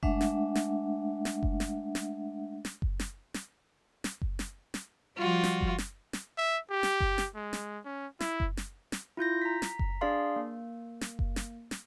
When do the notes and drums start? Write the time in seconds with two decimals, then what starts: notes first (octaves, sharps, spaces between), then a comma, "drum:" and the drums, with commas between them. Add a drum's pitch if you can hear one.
0.03 G#3 A3 D4 E5 F#5, drum: kick F#1
0.21 drum: snare
0.55 drum: snare
1.25 drum: snare
1.43 drum: kick F#1
1.60 drum: snare
1.95 drum: snare
2.65 drum: snare
2.82 drum: kick F#1
2.99 drum: snare
3.34 drum: snare
4.04 drum: snare
4.22 drum: kick F#1
4.39 drum: snare
4.74 drum: snare
5.18 F3 G3 F4 F#4
5.44 drum: snare
5.61 drum: kick F#1
5.78 drum: snare
6.13 drum: snare
6.38 E5
6.70 G4
6.83 drum: snare
7.00 drum: kick F#1
7.18 drum: snare
7.35 G#3
7.53 drum: snare
7.86 C#4
8.20 E4, drum: snare
8.40 drum: kick F#1
8.57 drum: snare
8.92 drum: snare
9.17 E4 F4 G6 A#6
9.42 A#5 B6
9.62 drum: snare
9.79 drum: kick F#1
10.01 D4 G#4 D5 F5 C6
10.36 A#3
11.01 drum: snare
11.19 drum: kick F#1
11.36 drum: snare
11.71 drum: snare